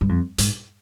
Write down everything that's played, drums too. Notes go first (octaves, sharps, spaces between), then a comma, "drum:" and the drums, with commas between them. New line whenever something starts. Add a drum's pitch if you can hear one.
G2
F2
G#2, drum: hi-hat